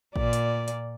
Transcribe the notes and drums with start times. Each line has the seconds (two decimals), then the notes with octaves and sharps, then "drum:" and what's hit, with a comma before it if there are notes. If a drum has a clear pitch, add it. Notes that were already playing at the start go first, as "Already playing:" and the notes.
0.16 A#2 D5, drum: kick A1
0.33 drum: hi-hat
0.68 drum: hi-hat